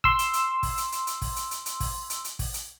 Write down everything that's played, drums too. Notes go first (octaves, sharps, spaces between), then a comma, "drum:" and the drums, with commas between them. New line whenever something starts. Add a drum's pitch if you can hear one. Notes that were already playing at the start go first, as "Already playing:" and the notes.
C6 E6, drum: kick
drum: hi-hat
drum: hi-hat
drum: kick, open hi-hat
drum: hi-hat
drum: hi-hat
drum: hi-hat
drum: kick, open hi-hat
drum: hi-hat
drum: hi-hat
drum: hi-hat
drum: kick, open hi-hat
drum: hi-hat
drum: hi-hat
drum: kick, open hi-hat
drum: hi-hat